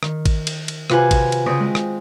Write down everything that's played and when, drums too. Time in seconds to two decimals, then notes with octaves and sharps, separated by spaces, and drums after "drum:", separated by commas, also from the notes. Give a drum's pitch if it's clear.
0.03 D#3, drum: rim click
0.26 drum: kick A1, cymbal
0.47 drum: cymbal
0.68 drum: cymbal
0.90 C3 F4 F#4 B4 G#5, drum: rim click
1.11 drum: kick A1, cymbal
1.32 drum: cymbal
1.46 C#3 C4 C#5 D#6 B6 D7
1.60 G#3
1.75 drum: rim click